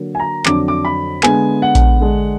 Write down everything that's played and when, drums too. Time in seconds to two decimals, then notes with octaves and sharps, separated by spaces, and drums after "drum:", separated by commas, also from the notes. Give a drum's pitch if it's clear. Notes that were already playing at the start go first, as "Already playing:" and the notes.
Already playing: D3 F#3 A#3
0.15 G#5
0.20 A#5
0.46 F2 D3 F#3 D4 D6, drum: clap
0.68 D6
0.85 B5
1.23 D3 G#3 B3 G#5, drum: clap
1.62 F#5
1.75 drum: kick A#1, hi-hat
2.01 D3 G#3 D4